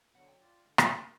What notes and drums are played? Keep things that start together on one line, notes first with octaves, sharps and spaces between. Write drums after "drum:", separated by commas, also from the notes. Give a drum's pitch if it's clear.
B2 D3 F#3 F#5
G5
F4 D5
D3 G#3
D3 D#3 D4, drum: rim click
B2 A#4